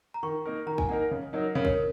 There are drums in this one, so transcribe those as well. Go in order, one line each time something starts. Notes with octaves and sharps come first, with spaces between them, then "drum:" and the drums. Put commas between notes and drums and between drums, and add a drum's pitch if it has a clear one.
A#5
D#3 C#6
A#3 D#4 A#4
D#3 A#5
G#5, drum: kick
A#3 D#4 A#4 F#5
C#3
F#3 D#4 A#4
C#3 A#4
C#5, drum: kick
A#4